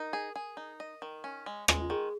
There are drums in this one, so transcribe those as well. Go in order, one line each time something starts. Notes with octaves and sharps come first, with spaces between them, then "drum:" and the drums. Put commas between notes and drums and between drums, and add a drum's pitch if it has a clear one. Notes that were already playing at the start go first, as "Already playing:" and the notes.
Already playing: D#4 A#4
G#4
G#4
D#4
D#5
D#3
C#4
G#3
G#3, drum: rim click
F4
D#3 G#4